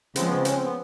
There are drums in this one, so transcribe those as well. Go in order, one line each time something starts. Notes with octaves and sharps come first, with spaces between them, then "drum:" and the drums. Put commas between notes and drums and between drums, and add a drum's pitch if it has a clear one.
C#3 F3 G#3 C4, drum: hi-hat
B3
C4
C#4, drum: hi-hat
C4
B3